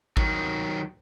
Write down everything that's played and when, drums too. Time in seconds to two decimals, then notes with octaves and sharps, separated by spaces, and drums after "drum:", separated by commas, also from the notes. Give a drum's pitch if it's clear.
0.17 D#3 F#3, drum: kick A1